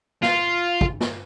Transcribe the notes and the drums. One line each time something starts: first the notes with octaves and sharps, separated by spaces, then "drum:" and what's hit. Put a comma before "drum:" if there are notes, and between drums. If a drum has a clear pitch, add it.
F4, drum: snare
drum: kick
drum: snare